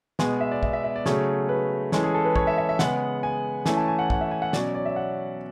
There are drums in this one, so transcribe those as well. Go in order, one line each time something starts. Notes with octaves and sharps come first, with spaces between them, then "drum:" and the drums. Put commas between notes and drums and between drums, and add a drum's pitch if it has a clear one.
B2 G#3 B3 G#5, drum: snare
E5
D5
E5, drum: kick
E5
E5
D5
C#3 F#3 A3 C#5, drum: snare
B4
E3 G#3 C#4 A4, drum: snare
G#4
A4
B4
C#5, drum: kick
E5
E5
E5
C#3 G#3 B3 F#5, drum: snare
G#5
E3 A3 C#4 G#5, drum: snare
A5
G#5
F#5
F#5, drum: kick
E5
G#5
F#5
B2 F#3 C#4 D5, drum: snare
D5
E5
F#5